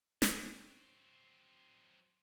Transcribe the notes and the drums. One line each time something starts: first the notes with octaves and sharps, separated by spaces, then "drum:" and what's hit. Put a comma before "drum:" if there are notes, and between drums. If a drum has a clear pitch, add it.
F#3 C4, drum: snare